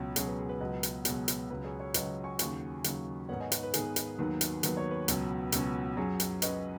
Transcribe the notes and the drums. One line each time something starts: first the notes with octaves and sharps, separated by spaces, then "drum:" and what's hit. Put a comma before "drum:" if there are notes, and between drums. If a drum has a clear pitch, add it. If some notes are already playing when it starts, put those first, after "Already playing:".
Already playing: C#2 B2 F#3 C#4
C#2 B2 F#3 C#4 G#4, drum: hi-hat
B4
G#4
B4
C#2 B2 F#3 B3 B4 D#5
drum: hi-hat
C#2 B2 F#3 B3 G#4 C#5, drum: hi-hat
drum: hi-hat
C#2 C#3 F#3 B4
G#4 C#5
G#4 C#5
C#2 C#3 F#3 B4 D#5, drum: hi-hat
G#5 C#6
D#2 C#3 F#3 G#5 C#6, drum: hi-hat
D#2 C#3 F#3, drum: hi-hat
G#2 D#3 B3 C#5 F#5
D#5 G#5
B4, drum: hi-hat
B4
G#2 D#3 B3 G#4, drum: hi-hat
drum: hi-hat
D#2 D#3 F#3 B3
drum: hi-hat
D#2 D#3 F#3 B3 B4, drum: hi-hat
C#5
B4
C#2 B2 F#3 C#4, drum: hi-hat
C#2 B2 F#3 C#4, drum: hi-hat
F#2 F#3 C#4 G#4 C#5
drum: hi-hat
F#2 F#3 C#4 B4 D#5, drum: hi-hat